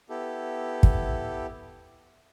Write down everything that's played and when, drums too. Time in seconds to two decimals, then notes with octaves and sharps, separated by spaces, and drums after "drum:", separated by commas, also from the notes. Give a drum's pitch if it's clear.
0.09 B3 E4 G4 A4
0.83 drum: kick